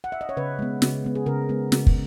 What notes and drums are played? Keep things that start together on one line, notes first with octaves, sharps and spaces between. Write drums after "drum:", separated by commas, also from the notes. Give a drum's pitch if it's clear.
F#5
E5
D#5
C#5
C#3 B4
G#3 B3
C#3, drum: snare
G#3 B3
G#4
C#3 A#4
G#3 B3
C#3, drum: snare
drum: kick